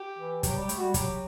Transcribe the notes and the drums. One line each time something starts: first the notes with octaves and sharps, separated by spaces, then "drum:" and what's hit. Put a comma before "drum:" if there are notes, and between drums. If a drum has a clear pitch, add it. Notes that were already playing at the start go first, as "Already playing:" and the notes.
Already playing: G4
E3
F#3 G4, drum: kick, hi-hat
G3 G4
A3, drum: hi-hat
G3 F#4
F#3 G4, drum: kick, hi-hat